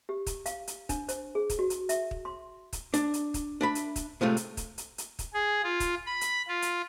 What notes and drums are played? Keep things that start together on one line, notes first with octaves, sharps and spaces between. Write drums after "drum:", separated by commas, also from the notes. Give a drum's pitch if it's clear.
G4
drum: kick, hi-hat
F5, drum: hi-hat
drum: hi-hat
D4, drum: kick, hi-hat
C5, drum: hi-hat
G#4
drum: kick, hi-hat
F#4
drum: hi-hat
E5, drum: hi-hat
drum: kick
C6
drum: kick, hi-hat
D4, drum: hi-hat
drum: hi-hat
drum: kick, hi-hat
D4 E5 B5
drum: hi-hat
drum: kick, hi-hat
A2 C3 G#3 A3 F4
drum: hi-hat
drum: kick, hi-hat
drum: hi-hat
drum: hi-hat
drum: kick, hi-hat
G#4
F4
drum: kick, hi-hat
B5
drum: hi-hat
F4
drum: hi-hat